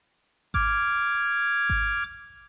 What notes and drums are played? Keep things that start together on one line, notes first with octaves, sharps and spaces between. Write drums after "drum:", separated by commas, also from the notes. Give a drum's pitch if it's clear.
D6 F6 G#6, drum: kick G#1
drum: kick G#1